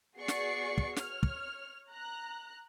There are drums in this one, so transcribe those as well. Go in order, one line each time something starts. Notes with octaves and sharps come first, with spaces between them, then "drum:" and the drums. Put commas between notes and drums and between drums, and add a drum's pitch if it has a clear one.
B3 F#4 G#4 D5 C#6 C7
drum: snare
drum: kick
C#5 F6, drum: snare
drum: kick
A#5 F#6